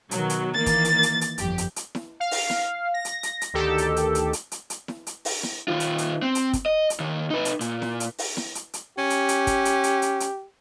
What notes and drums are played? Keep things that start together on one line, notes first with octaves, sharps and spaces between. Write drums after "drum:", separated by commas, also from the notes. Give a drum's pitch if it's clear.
B2 D#3 F#3, drum: hi-hat
drum: hi-hat
D#3 E3 A#3 A6
drum: kick, hi-hat
drum: hi-hat
drum: hi-hat
drum: hi-hat
G1 F2 G4, drum: hi-hat
drum: hi-hat
drum: hi-hat
drum: snare E4
F5
drum: open hi-hat
drum: snare E4
A#6
drum: hi-hat
drum: hi-hat
drum: hi-hat
D2 D#3 G4 A4
drum: hi-hat
drum: hi-hat
drum: hi-hat
drum: hi-hat
drum: hi-hat
drum: hi-hat
drum: snare E4
drum: hi-hat
drum: open hi-hat
drum: snare E4
D#3 F4
drum: hi-hat
drum: hi-hat
C4
drum: hi-hat
drum: kick, hi-hat
D#5
drum: hi-hat
D#2 D#3
D#4 B4
drum: hi-hat
A#2, drum: hi-hat
drum: snare E4
drum: hi-hat
drum: open hi-hat
drum: snare E4
drum: hi-hat
drum: hi-hat
C#4 G4
drum: hi-hat
drum: hi-hat
drum: kick, hi-hat
drum: hi-hat
drum: hi-hat
drum: hi-hat
drum: hi-hat